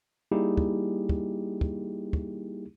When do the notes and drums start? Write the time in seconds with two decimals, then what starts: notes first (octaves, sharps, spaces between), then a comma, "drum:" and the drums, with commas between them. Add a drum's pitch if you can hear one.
0.31 G3 A#3 D#4 E4 G4 G#4
0.57 drum: kick
1.09 drum: kick
1.61 drum: kick
2.13 drum: kick